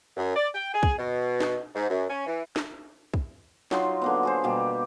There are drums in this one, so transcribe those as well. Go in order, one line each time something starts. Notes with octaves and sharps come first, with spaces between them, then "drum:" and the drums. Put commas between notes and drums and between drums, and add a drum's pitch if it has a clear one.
F#2
D5
G5
G#4
drum: kick
B2
drum: snare
G#2
F#2
C#4
E3
drum: snare
drum: kick
F#3 D#4 F4 C6, drum: snare
D3 A#3 B3
F#4 G#4 C5
B2 G3 A#3 G4